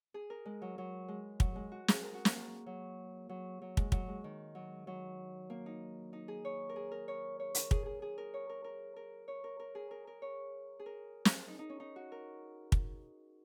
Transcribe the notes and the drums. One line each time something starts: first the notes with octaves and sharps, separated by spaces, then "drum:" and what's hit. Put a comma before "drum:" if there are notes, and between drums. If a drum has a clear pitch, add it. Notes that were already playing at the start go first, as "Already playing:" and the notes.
G#4
A#4
G#3
F#3
F#3
G#3
F#3, drum: kick
G#3
F#4
G#4, drum: snare
A#4
F#4
A#3, drum: snare
F#3
F#3
F#3
G#3, drum: kick
F#3, drum: kick
G#3
D#3
F#3
F#3
A#3
D#4
D#4
G#4
C#5
A#4
G#4
A#4
C#5
C#5
A#4, drum: hi-hat
G#4, drum: kick
G#4
G#4
A#4
C#5
A#4
A#4
A#4
C#5
A#4
A#4
G#4
A#4
A#4
C#5
G#4
A#4
drum: snare
D#4
D#4
C#4
D#4
F#4
A#4
drum: kick